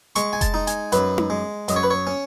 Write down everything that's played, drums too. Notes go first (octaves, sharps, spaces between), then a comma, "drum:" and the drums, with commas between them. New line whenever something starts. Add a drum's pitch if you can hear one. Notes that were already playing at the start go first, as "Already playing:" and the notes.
G#3 C#6, drum: hi-hat
G#5
A5, drum: kick F1, hi-hat
D#4
G#5, drum: hi-hat
F#2 B4, drum: hi-hat
drum: tom D#4
G#3
F#2 D#5, drum: hi-hat
C#5
B4
C#5
C#4